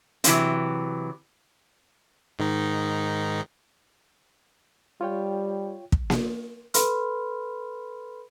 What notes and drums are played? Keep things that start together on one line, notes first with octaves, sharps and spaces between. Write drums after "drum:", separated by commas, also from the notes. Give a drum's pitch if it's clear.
C3 E3 F#3 G3 C4, drum: hi-hat
G#2 D#3 D#4
G3 F4 C#5 G5
drum: kick
drum: snare A#3
A4 B4 B5 C6 F6, drum: hi-hat